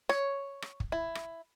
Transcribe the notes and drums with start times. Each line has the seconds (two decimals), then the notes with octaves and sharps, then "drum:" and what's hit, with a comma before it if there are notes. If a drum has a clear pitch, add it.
0.09 C#5, drum: rim click
0.62 drum: rim click
0.80 drum: kick
0.92 E4
1.15 drum: rim click